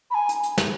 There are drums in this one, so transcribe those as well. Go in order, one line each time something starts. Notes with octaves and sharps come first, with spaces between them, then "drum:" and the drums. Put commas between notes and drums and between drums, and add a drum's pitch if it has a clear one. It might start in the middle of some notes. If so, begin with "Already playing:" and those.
B5
G#5
drum: hi-hat
drum: hi-hat
drum: snare